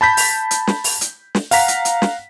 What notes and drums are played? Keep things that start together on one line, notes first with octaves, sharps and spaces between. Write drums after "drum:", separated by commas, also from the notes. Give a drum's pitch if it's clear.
A5 B5 G6 B6
drum: open hi-hat
drum: hi-hat
drum: snare
drum: open hi-hat
drum: hi-hat
drum: snare
F5 F#5 A#5 B6, drum: open hi-hat
drum: hi-hat
drum: hi-hat
drum: snare